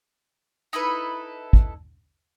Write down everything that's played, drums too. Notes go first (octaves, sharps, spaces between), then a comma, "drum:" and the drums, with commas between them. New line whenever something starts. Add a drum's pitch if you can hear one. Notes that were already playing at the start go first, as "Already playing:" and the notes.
D#4 E4 A4 B4
drum: kick